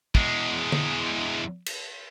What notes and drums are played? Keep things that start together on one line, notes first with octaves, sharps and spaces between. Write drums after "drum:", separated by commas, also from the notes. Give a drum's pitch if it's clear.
E2 G#3, drum: kick
drum: tom
drum: cymbal